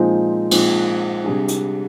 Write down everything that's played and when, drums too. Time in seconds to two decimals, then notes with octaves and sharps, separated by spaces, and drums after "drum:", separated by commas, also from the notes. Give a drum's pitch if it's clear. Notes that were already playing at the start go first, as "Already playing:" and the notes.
Already playing: A#2 F3 G#3 C4 D#4
0.51 A#2 F3 G#3 C4 D#4, drum: cymbal
1.24 C3 G3 D4 G#4
1.48 drum: hi-hat